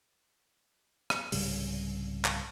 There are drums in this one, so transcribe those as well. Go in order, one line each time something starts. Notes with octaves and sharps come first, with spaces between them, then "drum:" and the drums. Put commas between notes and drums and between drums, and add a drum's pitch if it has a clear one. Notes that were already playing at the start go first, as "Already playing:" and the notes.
drum: rim click
C2 G#2 C#3 G3, drum: open hi-hat
drum: clap